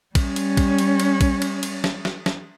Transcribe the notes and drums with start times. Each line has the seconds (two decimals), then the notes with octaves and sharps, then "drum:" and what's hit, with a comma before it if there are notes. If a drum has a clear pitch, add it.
0.15 G3 C#4, drum: kick, cymbal
0.36 drum: cymbal
0.57 drum: kick, cymbal
0.78 drum: cymbal
1.00 drum: cymbal
1.21 drum: kick, cymbal
1.42 drum: cymbal
1.63 drum: cymbal
1.84 drum: snare
2.05 drum: snare
2.26 drum: snare